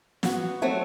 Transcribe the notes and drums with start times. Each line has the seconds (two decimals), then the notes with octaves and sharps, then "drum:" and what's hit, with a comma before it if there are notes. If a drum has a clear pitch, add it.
0.23 B3 F#4, drum: snare
0.62 F#3 A3 C4